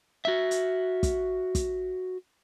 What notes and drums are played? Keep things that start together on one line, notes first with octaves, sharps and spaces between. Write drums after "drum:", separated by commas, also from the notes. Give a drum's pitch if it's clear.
F#4 E5
drum: hi-hat
drum: kick, hi-hat
drum: kick, hi-hat